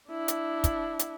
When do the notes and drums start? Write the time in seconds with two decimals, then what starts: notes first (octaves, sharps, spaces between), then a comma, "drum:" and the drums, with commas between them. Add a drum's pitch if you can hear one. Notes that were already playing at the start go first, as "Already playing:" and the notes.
0.10 D4 E4
0.28 drum: hi-hat
0.64 drum: kick, hi-hat
0.99 drum: hi-hat